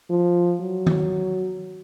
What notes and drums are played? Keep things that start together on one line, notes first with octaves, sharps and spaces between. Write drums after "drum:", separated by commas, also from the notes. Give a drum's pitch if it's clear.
F3
F#3
drum: tom D#3